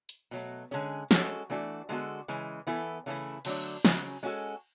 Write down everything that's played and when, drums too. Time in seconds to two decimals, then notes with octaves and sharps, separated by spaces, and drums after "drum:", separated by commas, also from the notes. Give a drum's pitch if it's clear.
0.09 drum: hi-hat
0.31 B2 F#3 A3
0.71 D3 G#3 C#4 G#4
1.11 G#3 C#4 F#4 A4, drum: snare
1.50 E3 A3 D4 F#4
1.89 D3 G#3 B3 F#4 A4
2.28 C#3 E3 G#3
2.67 E3 B3 E4 A4
3.06 C#3 E3 A3 E4
3.45 D3 F#3 A3 D4, drum: cymbal
3.85 C#3 F#3 C#4, drum: snare
4.23 G#3 C#4 F#4 A4